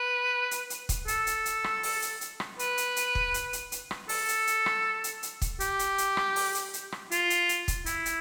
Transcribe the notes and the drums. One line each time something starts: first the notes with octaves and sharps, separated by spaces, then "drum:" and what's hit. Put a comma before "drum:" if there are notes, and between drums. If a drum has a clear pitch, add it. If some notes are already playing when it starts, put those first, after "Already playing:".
Already playing: B4
drum: hi-hat
drum: hi-hat
drum: kick, hi-hat
A4, drum: hi-hat
drum: hi-hat
drum: hi-hat
drum: rim click
drum: open hi-hat
drum: hi-hat
drum: hi-hat
drum: rim click
B4, drum: hi-hat
drum: hi-hat
drum: hi-hat
drum: kick
drum: hi-hat
drum: hi-hat
drum: hi-hat
drum: rim click
A4, drum: open hi-hat
drum: hi-hat
drum: hi-hat
drum: rim click
drum: hi-hat
drum: hi-hat
drum: kick, hi-hat
G4, drum: hi-hat
drum: hi-hat
drum: hi-hat
drum: rim click
drum: open hi-hat
drum: hi-hat
drum: hi-hat
drum: rim click
F4, drum: hi-hat
drum: hi-hat
drum: hi-hat
drum: kick, hi-hat
E4, drum: hi-hat
drum: hi-hat